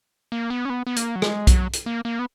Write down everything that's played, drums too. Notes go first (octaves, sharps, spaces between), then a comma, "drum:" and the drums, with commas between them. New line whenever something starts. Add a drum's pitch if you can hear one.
A#3
B3
C#4
B3
B3
A#3, drum: hi-hat
F#3
G#3, drum: rim click
F#3, drum: kick B1, hi-hat
drum: hi-hat
A#3
A#3
B3